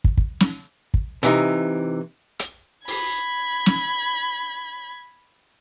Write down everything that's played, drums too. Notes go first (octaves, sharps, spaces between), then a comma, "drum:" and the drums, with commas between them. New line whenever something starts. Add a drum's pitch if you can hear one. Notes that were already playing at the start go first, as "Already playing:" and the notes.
drum: kick
drum: kick
drum: snare
drum: kick
C3 E3 D#4, drum: hi-hat
drum: hi-hat
B5 G#6, drum: open hi-hat
drum: snare